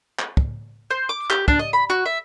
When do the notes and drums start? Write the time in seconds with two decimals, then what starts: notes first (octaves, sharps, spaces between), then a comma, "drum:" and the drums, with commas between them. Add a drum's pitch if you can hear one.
0.19 drum: clap
0.37 drum: kick
0.91 C5
1.09 D6
1.30 G4, drum: clap
1.48 D4, drum: kick
1.59 D#5
1.73 B5
1.90 F#4
2.06 E5